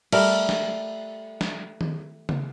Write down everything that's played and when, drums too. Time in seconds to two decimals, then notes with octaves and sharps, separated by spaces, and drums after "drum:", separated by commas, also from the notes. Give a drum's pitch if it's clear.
0.12 G3 A3 A#4, drum: cymbal
0.49 drum: snare
1.41 drum: snare
1.81 drum: tom D#3
2.29 drum: tom C#3